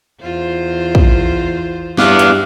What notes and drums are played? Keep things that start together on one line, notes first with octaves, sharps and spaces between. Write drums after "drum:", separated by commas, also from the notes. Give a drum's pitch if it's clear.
E2 F4 C5
drum: kick
G2 B3 E4 F5 D6 F#6, drum: snare
drum: hi-hat